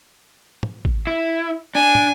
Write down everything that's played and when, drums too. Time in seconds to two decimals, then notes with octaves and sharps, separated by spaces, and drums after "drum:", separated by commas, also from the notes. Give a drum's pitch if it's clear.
0.63 drum: tom
0.85 drum: kick G#1
1.07 E4
1.75 D4 G#5
1.95 drum: tom